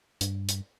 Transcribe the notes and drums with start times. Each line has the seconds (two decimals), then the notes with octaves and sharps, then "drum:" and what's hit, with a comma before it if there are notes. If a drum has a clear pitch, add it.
0.21 G2, drum: hi-hat
0.49 drum: hi-hat